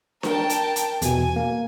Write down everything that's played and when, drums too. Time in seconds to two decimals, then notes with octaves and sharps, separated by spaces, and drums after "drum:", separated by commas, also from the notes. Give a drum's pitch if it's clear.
0.23 A#4 G5 A5, drum: snare D4
0.49 drum: hi-hat
0.76 drum: hi-hat
1.02 E2 B2 G#5, drum: hi-hat
1.36 A#3